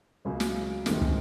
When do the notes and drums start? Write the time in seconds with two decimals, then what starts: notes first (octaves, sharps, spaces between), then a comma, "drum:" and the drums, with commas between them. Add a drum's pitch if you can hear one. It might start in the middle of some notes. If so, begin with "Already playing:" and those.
0.25 C#2 C#3 F#3 A#3
0.40 drum: snare
0.86 G#1 G2 D#3 G#3 C4, drum: snare
1.01 drum: kick